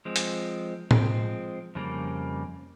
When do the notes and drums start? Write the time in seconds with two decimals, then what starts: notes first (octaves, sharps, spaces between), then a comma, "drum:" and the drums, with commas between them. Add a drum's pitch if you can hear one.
0.05 F3 G#3 C4
0.16 drum: hi-hat
0.91 F3 G#3 C4, drum: tom A2
1.75 F2 C#3 G3 A#3